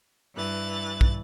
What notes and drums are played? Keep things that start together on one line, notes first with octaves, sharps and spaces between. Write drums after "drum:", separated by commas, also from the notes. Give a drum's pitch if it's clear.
G2 E3 F#6 A6
drum: kick